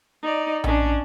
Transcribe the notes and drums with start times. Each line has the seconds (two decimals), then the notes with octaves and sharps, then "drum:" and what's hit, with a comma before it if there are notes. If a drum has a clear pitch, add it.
0.22 D#4 D5
0.64 C#4 D4, drum: tom A#1